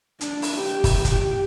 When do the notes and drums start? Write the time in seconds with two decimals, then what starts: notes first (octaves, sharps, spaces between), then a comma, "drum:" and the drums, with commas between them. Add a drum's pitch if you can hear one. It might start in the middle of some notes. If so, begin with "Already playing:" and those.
0.21 D4, drum: hi-hat
0.42 drum: open hi-hat
0.57 G4
0.84 drum: kick, open hi-hat
1.05 G4, drum: kick, hi-hat